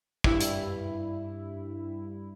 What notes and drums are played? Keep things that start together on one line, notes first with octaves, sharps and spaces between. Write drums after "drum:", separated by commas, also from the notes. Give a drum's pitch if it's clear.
G2 G3 E4, drum: kick
drum: hi-hat